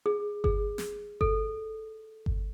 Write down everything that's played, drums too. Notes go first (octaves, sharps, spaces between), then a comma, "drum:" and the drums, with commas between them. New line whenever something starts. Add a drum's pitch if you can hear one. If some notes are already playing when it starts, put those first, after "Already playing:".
G#4
G#4, drum: kick G1
drum: snare
A4, drum: kick G1
drum: kick G1